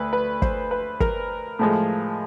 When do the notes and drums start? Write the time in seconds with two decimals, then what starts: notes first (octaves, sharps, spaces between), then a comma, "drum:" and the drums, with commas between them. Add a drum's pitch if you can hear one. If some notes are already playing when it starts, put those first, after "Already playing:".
Already playing: D2 B4
0.13 B4
0.42 C5, drum: kick
0.71 B4
1.00 A#4, drum: kick
1.59 A2 F3 G#3